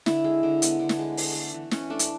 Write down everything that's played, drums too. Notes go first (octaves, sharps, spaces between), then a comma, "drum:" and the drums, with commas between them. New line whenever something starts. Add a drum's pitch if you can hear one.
D3 E4, drum: snare
G#3
D3
B3, drum: hi-hat
D3
drum: snare
G#3
A3, drum: open hi-hat
A3
E3
E3 C#4, drum: snare
A3 D4
drum: hi-hat